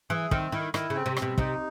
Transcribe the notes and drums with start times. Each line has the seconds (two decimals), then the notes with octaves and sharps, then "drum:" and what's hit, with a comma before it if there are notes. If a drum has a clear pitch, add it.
0.10 E3 G#4
0.31 D#3 C4, drum: kick
0.52 D#3 E4
0.74 D#3 E4, drum: rim click
0.90 C#3
0.95 C4
1.06 C3
1.17 C4, drum: rim click
1.22 B2
1.38 C3 D#4, drum: kick